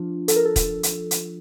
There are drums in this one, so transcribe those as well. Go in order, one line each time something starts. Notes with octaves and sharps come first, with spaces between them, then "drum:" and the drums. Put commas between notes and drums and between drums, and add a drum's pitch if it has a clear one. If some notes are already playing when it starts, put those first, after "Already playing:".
Already playing: F3 D4 F4
A4, drum: hi-hat
A#4
A4
drum: kick, hi-hat
drum: hi-hat
drum: hi-hat